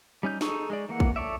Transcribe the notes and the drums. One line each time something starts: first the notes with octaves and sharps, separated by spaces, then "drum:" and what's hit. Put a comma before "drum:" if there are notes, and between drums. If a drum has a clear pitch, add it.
G3 C#4 D#4 G6
D#4 G#4 A4 C#6, drum: snare
G#3 G#4 D5
E3 A#3 F#5
drum: kick
A4 C#5 D5 E5